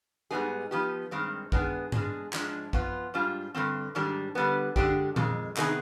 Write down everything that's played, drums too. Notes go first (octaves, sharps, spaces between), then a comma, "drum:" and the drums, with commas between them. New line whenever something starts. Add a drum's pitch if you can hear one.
G#2 G3 B3 D#4 G#4
F3 B3 D#4 G4
G2 D#3 G#3 C4
D#3 G#3 B3 D4 G#4, drum: kick
B2 G#3 D4 G#4, drum: tom G2
G#2 F3 G#3 D4, drum: clap
F3 B3 F4, drum: kick
G#2 G3 D4 F4
G2 D3 F3 C4
G#2 D#3 G3 D4
D3 G3 B3
D3 G#3 D4 G4, drum: kick
F2 D#3 G#3, drum: tom A#2
C3 D#3 B3 D#4 G#4, drum: clap